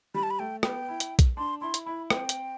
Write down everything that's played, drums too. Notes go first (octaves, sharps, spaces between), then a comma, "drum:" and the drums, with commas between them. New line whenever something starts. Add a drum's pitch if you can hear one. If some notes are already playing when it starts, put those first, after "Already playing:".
G3 B5
A5
B5
A3 G5
B3 G5, drum: rim click
E4
drum: hi-hat
drum: kick, hi-hat
D4 C6
E4 C6
drum: hi-hat
E4 B5
C4 G5, drum: rim click
drum: hi-hat